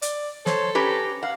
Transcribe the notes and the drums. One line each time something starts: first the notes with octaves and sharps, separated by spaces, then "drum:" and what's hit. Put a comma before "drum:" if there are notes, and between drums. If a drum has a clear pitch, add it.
D5, drum: hi-hat
A4 C5 C#5, drum: snare
C#4 G4 B4 A#5
F5 F#5